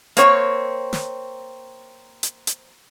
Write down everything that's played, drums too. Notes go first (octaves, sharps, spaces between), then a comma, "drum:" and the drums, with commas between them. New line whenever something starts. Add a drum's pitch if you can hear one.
A#3 C4 C#5, drum: hi-hat
drum: snare
drum: hi-hat
drum: hi-hat